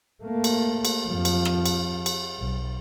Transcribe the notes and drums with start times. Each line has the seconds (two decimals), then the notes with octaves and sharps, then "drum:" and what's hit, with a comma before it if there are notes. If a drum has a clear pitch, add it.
0.24 A3 A#3
0.44 drum: cymbal
0.85 drum: cymbal
1.08 F2 F3
1.25 drum: cymbal
1.45 drum: rim click
1.66 drum: cymbal
2.06 drum: cymbal
2.39 B1